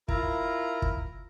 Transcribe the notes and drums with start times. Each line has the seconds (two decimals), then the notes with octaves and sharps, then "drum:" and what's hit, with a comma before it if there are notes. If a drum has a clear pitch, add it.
0.08 E4 F4 A#4 A#5, drum: kick
0.82 drum: kick